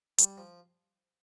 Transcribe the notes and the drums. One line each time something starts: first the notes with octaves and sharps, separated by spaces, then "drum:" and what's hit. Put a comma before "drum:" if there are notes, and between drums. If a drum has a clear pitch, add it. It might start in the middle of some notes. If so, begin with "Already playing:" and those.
G3, drum: hi-hat
F3